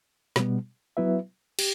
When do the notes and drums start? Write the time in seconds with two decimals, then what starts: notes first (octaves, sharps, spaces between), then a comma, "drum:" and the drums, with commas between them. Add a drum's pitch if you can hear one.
0.36 B2 G3 B3, drum: snare
0.97 F#3 B3 E4 B4 E5
1.59 G4, drum: cymbal